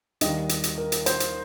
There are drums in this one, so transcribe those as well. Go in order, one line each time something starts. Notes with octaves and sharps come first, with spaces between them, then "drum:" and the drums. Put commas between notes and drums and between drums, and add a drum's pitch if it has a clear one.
D#2 D#3 G3 D#5, drum: hi-hat
drum: hi-hat
drum: hi-hat
A#4
drum: hi-hat
C5, drum: hi-hat
drum: hi-hat